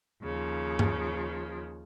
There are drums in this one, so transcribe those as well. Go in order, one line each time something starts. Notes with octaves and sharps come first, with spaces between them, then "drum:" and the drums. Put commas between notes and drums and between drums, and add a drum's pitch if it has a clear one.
D#2 C#3 F3
drum: tom G2